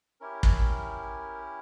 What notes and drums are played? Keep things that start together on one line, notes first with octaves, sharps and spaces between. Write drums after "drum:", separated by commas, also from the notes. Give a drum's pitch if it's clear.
C#4 E4 G4 A#4
drum: kick